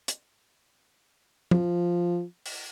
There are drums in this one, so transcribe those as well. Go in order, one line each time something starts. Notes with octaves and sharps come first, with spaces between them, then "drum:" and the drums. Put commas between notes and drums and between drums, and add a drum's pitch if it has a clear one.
drum: hi-hat
F3, drum: tom
drum: open hi-hat